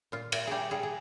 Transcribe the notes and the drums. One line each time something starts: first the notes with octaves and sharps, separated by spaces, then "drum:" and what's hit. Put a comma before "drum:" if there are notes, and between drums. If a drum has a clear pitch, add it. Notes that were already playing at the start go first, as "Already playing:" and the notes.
A#2 F4
A#2, drum: cymbal
G3 G4 G#4
G3 G#4
G#4